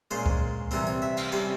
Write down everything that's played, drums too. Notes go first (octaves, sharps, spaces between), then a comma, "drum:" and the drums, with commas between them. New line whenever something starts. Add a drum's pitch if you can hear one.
A#2 G#3 C#4 C5
drum: kick C#2
C3 E3 G3 C4 A#4
C#5
E5
F5, drum: cymbal
C3 G3 C#4 G5